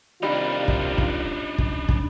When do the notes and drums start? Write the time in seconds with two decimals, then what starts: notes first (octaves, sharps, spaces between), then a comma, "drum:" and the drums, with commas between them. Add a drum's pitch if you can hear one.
0.23 C3 D#3 G3 D4 D#4 F4
0.68 drum: kick
0.98 drum: kick
1.58 drum: kick
1.89 drum: kick